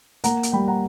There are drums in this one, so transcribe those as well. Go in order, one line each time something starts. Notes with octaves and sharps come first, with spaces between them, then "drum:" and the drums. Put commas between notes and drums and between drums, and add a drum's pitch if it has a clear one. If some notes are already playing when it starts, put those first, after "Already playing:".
A#3 F#5 A#5, drum: hi-hat
drum: hi-hat
G3 G5 B5
F#5 A#5